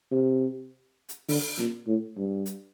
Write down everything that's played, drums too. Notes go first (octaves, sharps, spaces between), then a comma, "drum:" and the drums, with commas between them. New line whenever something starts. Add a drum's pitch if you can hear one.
C3
drum: hi-hat
D3, drum: open hi-hat
A#2, drum: snare
A2
G2
drum: hi-hat